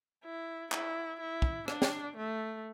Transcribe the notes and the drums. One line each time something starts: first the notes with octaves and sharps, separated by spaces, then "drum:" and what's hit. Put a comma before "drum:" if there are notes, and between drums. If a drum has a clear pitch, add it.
E4
E4, drum: clap
E4
drum: kick
D4, drum: rim click
drum: snare
A3